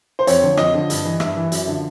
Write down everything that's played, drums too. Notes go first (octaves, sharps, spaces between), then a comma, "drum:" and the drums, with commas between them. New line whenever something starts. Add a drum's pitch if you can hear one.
C5
F2 C#5, drum: hi-hat
D3 F3
F2 D#5, drum: rim click
D3 F3
G2, drum: hi-hat
E3
G2 E5, drum: rim click
E3
F#2, drum: hi-hat
D3 F3